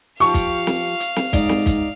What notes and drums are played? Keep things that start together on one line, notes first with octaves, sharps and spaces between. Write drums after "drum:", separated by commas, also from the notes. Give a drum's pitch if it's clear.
F3 G4 F5 C#6
drum: kick, hi-hat
drum: snare
drum: hi-hat
drum: snare
G#2 D#4 D5, drum: kick, hi-hat
drum: snare
drum: kick, hi-hat